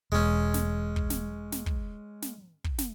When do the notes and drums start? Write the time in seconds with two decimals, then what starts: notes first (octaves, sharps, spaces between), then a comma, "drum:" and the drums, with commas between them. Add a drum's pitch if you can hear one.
0.12 E1 G#3 C#4
0.54 drum: snare
0.96 drum: kick
1.10 drum: snare
1.52 drum: snare
1.66 drum: kick
2.22 drum: snare
2.64 drum: kick
2.78 drum: snare